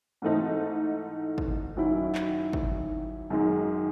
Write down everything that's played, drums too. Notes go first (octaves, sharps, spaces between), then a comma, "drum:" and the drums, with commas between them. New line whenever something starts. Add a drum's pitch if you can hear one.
G#2 E3 A3 C4 D#4
drum: kick
F#2 D#3 F#3 C#4 E4
drum: clap
drum: kick
F#2 D#3 G#3